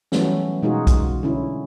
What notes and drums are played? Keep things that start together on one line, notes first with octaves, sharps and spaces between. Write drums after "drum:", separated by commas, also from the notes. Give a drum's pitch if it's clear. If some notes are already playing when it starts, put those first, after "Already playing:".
E3 F#3 G3 A3 B3 C#4, drum: snare
B2 G#3 D#4 F4 F#4 G#4
drum: kick B1, hi-hat
D3 C#4 E4